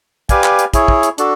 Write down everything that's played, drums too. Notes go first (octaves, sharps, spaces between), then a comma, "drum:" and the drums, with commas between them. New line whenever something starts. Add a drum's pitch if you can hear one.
G4 B4 D5 F5 G#5, drum: kick, hi-hat
drum: clap
drum: hi-hat
E4 G#4 C#5, drum: kick, hi-hat
drum: kick
drum: hi-hat
D4 F#4 A4, drum: hi-hat